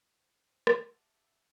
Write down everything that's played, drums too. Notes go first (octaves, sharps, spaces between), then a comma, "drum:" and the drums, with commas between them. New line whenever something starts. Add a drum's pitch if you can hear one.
C5
drum: rim click
G4 A4 E5 F#5